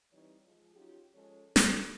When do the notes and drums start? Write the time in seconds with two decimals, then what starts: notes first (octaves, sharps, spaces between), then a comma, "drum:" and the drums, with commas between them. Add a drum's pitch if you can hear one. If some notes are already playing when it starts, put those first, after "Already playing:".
0.12 E3 G3 C4 D#4 C#5
0.44 F3 G#3
0.74 F#3 C#4 D#4 F4 G4
1.14 F3 G#3 C#4 A4 C#5
1.56 E2 A3 A#3 F#4 G4 A4, drum: snare